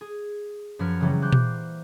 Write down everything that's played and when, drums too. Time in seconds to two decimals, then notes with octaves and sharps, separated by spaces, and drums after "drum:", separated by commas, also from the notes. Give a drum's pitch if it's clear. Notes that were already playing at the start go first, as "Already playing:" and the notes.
0.01 G#4
0.79 F#2 F3 B4 F6 G#6 C#7
1.00 C#3 E3 F#3 G3 A#3 C#4
1.22 C5 D6 F#6 G6
1.32 drum: tom A#2